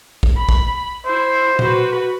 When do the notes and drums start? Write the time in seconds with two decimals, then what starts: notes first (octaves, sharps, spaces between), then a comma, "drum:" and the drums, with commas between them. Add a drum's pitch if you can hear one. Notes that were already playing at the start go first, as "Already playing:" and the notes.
0.23 drum: kick
0.37 B5
0.49 drum: kick
1.06 E4 C5
1.59 F#4 B4, drum: tom A#2